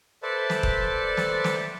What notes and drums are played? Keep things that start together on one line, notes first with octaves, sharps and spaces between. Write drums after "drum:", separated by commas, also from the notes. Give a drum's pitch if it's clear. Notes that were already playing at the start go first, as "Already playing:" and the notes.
A4 B4 C5 D5 E5 A5
drum: snare
drum: kick E1
drum: snare
drum: snare